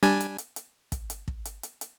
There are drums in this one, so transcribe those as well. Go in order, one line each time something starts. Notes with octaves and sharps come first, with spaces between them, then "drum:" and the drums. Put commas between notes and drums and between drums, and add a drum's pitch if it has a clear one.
G3 D4 G#5, drum: hi-hat
drum: hi-hat
drum: hi-hat
drum: hi-hat
drum: kick, hi-hat
drum: hi-hat
drum: kick
drum: hi-hat
drum: hi-hat
drum: hi-hat